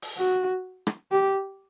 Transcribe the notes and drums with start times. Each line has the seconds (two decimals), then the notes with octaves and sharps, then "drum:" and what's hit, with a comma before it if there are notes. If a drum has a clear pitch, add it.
0.02 drum: open hi-hat
0.18 F#4
0.87 drum: rim click
1.12 G4